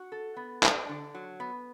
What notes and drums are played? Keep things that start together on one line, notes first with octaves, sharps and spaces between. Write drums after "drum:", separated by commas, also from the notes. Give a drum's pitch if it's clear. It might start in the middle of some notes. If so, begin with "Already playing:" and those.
Already playing: F#4
A4
B3
D4, drum: clap
D3
F#3
B3